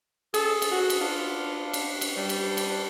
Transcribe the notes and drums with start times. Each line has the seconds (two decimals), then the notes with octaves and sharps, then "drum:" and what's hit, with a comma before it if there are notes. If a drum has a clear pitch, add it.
0.34 G#4 A4, drum: cymbal
0.62 drum: cymbal
0.72 F#4
0.90 drum: cymbal
1.01 D4 F4
1.73 drum: cymbal
2.01 drum: cymbal
2.17 G3
2.29 drum: cymbal
2.57 drum: cymbal